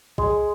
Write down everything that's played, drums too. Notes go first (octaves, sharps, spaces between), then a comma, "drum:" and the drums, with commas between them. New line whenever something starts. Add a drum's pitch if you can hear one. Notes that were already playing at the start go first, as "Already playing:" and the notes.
G#3, drum: kick